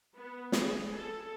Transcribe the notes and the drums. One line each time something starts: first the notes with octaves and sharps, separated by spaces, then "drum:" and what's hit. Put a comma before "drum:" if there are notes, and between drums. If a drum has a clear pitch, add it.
B3
drum: snare
G#4
A4